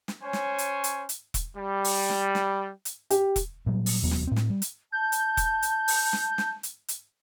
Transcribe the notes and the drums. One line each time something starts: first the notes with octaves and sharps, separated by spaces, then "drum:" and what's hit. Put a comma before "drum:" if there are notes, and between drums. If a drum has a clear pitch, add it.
drum: snare
C#4 C5 C#5 G#5
drum: snare
drum: hi-hat
drum: hi-hat
drum: hi-hat
drum: kick E1, hi-hat
G3
drum: open hi-hat
drum: snare
drum: snare
drum: hi-hat
G4, drum: hi-hat
drum: kick E1, hi-hat
A#2 F#3 G3
drum: open hi-hat
E1 D#2 F#3 B3
drum: snare
A2 C4
drum: snare
G3
drum: hi-hat
A5 G6
drum: hi-hat
drum: kick E1, hi-hat
drum: hi-hat
drum: open hi-hat
drum: snare
drum: snare
drum: hi-hat
drum: hi-hat